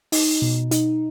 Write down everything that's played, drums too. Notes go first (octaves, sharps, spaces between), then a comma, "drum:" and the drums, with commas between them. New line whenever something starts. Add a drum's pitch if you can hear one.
D#4, drum: open hi-hat
B2
D#4, drum: hi-hat